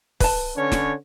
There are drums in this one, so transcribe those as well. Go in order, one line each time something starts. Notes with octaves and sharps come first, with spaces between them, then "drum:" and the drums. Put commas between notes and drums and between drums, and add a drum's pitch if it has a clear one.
B4 A5, drum: kick, open hi-hat
D3 C#4 C#5
drum: snare